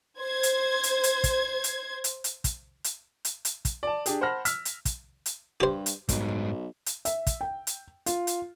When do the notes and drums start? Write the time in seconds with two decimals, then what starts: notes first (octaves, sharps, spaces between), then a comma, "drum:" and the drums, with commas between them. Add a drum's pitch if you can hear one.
0.20 C5 G#6
0.43 drum: hi-hat
0.83 drum: hi-hat
1.03 drum: hi-hat
1.24 drum: kick, hi-hat
1.64 drum: hi-hat
2.04 drum: hi-hat
2.24 drum: hi-hat
2.44 drum: kick, hi-hat
2.84 drum: hi-hat
3.25 drum: hi-hat
3.45 drum: hi-hat
3.65 drum: kick, hi-hat
3.83 D5 A5
4.06 D4 G4 G#4, drum: hi-hat
4.21 C5 F#5 A5 B5 F6 A#6
4.45 E6 F6 B6, drum: hi-hat
4.65 drum: hi-hat
4.85 drum: kick, hi-hat
5.26 drum: hi-hat
5.60 G2 G4 C5
5.86 drum: hi-hat
6.09 B1 G#2 G3, drum: kick, hi-hat
6.86 drum: hi-hat
7.05 E5, drum: hi-hat
7.27 drum: kick, hi-hat
7.41 G5
7.67 drum: hi-hat
8.06 F4, drum: hi-hat
8.27 drum: hi-hat